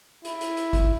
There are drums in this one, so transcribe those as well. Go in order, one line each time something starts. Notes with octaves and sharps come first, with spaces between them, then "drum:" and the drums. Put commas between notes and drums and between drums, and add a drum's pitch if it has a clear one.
E4, drum: hi-hat
drum: hi-hat
drum: hi-hat
drum: kick G#1, hi-hat